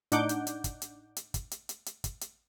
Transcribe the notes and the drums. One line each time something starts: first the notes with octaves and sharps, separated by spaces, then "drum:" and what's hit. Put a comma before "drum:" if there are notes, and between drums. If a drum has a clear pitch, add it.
A2 D4 D#4 F#5 D6 G6, drum: hi-hat
drum: hi-hat
drum: hi-hat
drum: kick, hi-hat
drum: hi-hat
drum: hi-hat
drum: kick, hi-hat
drum: hi-hat
drum: hi-hat
drum: hi-hat
drum: kick, hi-hat
drum: hi-hat